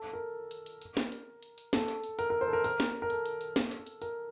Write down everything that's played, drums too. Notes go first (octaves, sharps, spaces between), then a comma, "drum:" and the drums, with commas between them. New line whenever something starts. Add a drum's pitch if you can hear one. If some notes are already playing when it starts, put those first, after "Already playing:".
Already playing: A4
A#4
drum: hi-hat
drum: hi-hat
drum: hi-hat
drum: snare
drum: hi-hat
drum: hi-hat
drum: hi-hat
A4, drum: snare
drum: hi-hat
drum: hi-hat
A#4, drum: hi-hat
A#4
C5
A4
A#4
A#4, drum: hi-hat
drum: snare
A#4
A4, drum: hi-hat
drum: hi-hat
drum: hi-hat
drum: snare
drum: hi-hat
drum: hi-hat
A#4, drum: hi-hat